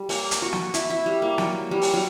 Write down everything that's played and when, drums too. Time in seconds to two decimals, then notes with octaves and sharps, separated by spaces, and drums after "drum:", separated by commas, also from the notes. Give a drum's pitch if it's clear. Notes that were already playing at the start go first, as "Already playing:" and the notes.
Already playing: G3
0.09 A#3, drum: open hi-hat
0.31 drum: hi-hat
0.42 F#4
0.53 drum: snare
0.74 E4, drum: hi-hat
0.90 E4
1.06 G3
1.22 A#3
1.38 F#3, drum: snare
1.71 G3
1.82 drum: open hi-hat
1.94 F#3